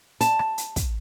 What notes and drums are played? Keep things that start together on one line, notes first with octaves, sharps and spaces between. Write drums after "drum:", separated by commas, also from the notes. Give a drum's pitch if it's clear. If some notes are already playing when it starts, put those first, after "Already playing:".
A5, drum: hi-hat
drum: rim click
drum: hi-hat
drum: kick, hi-hat